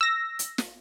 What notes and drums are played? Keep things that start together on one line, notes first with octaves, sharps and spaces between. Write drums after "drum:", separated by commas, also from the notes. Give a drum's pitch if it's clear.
E6 A#6
drum: hi-hat
drum: snare